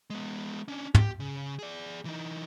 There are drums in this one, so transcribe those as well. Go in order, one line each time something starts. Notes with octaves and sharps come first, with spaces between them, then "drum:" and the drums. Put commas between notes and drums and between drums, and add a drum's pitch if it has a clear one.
G#3 B3
C#4 D4
G4, drum: tom
C#3
G#4 D5
E3 D#4